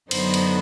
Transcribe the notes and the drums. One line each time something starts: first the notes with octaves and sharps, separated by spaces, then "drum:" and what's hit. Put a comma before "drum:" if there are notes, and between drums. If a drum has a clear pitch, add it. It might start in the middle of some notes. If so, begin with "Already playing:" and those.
F#2 D3 F#3 B3 D#4 C5, drum: cymbal
drum: cymbal